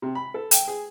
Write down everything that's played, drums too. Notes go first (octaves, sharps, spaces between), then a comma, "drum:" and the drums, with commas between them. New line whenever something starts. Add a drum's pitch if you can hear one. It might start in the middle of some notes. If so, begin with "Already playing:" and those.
C3
B5
A4
G5, drum: hi-hat
G#4